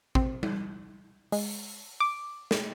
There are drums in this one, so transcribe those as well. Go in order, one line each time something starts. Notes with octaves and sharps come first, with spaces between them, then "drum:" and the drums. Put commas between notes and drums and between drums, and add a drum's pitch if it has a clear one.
C4, drum: kick A1
drum: tom G3
G#3, drum: open hi-hat
D6
drum: snare